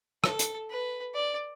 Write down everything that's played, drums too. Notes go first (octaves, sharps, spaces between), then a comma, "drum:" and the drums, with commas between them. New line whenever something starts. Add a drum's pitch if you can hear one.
A4, drum: rim click
drum: hi-hat
B4
D5